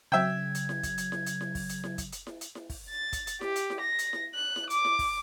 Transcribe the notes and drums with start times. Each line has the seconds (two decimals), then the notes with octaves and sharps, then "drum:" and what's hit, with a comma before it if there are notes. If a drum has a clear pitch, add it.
0.12 C#3 F#3 E5 G5 G#6
0.55 drum: hi-hat
0.69 drum: snare E4
0.83 drum: kick, hi-hat
0.98 drum: hi-hat
1.12 drum: snare E4
1.26 drum: hi-hat
1.41 drum: snare E4
1.55 drum: kick, open hi-hat
1.69 drum: hi-hat
1.84 drum: snare E4
1.98 drum: kick, hi-hat
2.12 drum: hi-hat
2.27 drum: snare E4
2.41 drum: hi-hat
2.55 drum: snare E4
2.70 drum: kick, open hi-hat
2.90 A6
3.13 drum: kick, hi-hat
3.27 drum: hi-hat
3.41 G4, drum: snare E4
3.56 drum: hi-hat
3.70 drum: snare E4
3.80 A#6
3.99 drum: hi-hat
4.13 drum: snare E4
4.35 F#6
4.56 drum: snare E4
4.70 D6, drum: hi-hat
4.85 drum: snare E4
4.99 drum: kick, open hi-hat